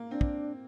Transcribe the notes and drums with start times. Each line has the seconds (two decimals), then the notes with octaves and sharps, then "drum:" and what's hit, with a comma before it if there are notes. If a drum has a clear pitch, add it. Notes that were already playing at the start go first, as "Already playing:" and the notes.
Already playing: A#3
0.11 C4 D4
0.21 drum: kick